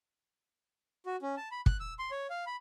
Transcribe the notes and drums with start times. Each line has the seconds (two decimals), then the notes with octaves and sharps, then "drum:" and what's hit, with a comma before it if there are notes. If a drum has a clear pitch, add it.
1.06 F#4
1.22 C#4
1.37 A5
1.51 B5
1.66 F#6, drum: kick
1.80 E6
1.99 C6
2.11 C#5
2.30 F5
2.47 B5